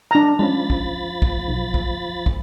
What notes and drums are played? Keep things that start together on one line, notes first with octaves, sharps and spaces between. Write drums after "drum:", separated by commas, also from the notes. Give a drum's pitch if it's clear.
D4 A#5
F3 G#3 C#4 B5 A6
drum: kick
drum: kick
B1
drum: kick
drum: kick